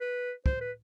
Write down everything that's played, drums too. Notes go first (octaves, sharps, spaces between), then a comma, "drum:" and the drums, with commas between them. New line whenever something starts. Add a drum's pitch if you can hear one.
B4
C5, drum: kick
B4